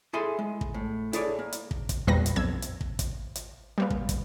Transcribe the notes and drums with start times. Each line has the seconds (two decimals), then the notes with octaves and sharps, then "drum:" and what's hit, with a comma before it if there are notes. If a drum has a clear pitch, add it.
0.13 E4 G#4 A4 E5 G#5 C6
0.39 G#3
0.61 drum: kick
0.74 A2
1.13 E4 G#4 A4 C#5 D5, drum: hi-hat
1.39 A#3
1.52 drum: hi-hat
1.71 drum: kick
1.89 drum: kick, hi-hat
2.07 E2 A#2 G3 B4 A#6
2.26 drum: hi-hat
2.36 B1 F2 E6 G#6
2.62 drum: hi-hat
2.81 drum: kick
2.99 drum: kick, hi-hat
3.35 drum: hi-hat
3.78 G3 A#3 B3
3.90 drum: kick
4.09 drum: kick, hi-hat